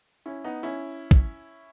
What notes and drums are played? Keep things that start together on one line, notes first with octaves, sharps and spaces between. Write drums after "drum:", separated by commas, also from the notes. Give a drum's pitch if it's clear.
C#4 E4
B3 D#4
C#4 E4
drum: kick